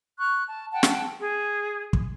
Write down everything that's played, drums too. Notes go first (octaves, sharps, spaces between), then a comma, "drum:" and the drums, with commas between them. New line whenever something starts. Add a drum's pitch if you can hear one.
C#6 F6 F#6
A5
F#5 G5 A5
drum: snare
G#4
drum: kick